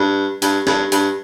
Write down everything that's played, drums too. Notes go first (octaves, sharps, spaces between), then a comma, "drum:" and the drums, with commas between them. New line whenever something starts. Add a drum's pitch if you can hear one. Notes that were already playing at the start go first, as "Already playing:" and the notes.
Already playing: G2
G2, drum: hi-hat
G2, drum: snare
G2, drum: hi-hat